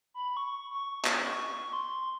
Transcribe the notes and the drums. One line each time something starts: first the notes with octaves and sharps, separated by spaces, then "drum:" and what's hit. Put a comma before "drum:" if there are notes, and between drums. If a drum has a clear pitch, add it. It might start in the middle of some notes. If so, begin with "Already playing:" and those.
B5
C#6
C#6
C#6, drum: clap
C6